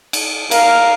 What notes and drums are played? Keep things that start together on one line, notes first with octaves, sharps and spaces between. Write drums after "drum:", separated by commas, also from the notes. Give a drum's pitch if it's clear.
drum: cymbal
A#4 F5, drum: cymbal